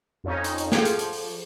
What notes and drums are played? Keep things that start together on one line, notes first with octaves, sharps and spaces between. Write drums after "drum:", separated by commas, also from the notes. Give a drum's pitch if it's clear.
F2 C#4 D#4
drum: hi-hat
drum: hi-hat
F3 G#4 A4, drum: snare
drum: hi-hat
drum: hi-hat
drum: open hi-hat